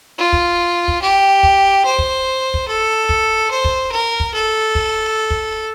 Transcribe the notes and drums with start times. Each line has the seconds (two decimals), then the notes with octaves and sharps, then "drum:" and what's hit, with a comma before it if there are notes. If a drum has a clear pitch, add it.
0.19 F4
0.33 drum: kick
0.88 drum: kick
1.02 G4
1.43 drum: kick
1.85 C5
1.99 drum: kick
2.54 drum: kick
2.68 A4
3.09 drum: kick
3.51 C5
3.65 drum: kick
3.92 A#4
4.20 drum: kick
4.34 A4
4.75 drum: kick
5.30 drum: kick